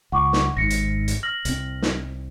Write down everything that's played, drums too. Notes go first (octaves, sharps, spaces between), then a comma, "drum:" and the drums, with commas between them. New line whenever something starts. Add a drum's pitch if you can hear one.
C#2 F#5 C#6 D6
drum: snare
G#1 G#2 A#6 C#7
drum: hi-hat
drum: hi-hat
F6 A#6 F#7
C2 C4, drum: hi-hat
drum: snare